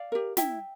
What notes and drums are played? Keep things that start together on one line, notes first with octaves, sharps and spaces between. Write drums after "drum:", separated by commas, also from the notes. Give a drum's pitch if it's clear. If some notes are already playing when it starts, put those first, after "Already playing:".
Already playing: D5 F5
G4 A#4
E4 E5 G5, drum: snare